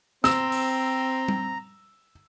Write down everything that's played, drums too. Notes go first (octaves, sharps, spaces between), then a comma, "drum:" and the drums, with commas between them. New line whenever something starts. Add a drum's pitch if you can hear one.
C4 A#5 E6, drum: snare
drum: open hi-hat
drum: tom G3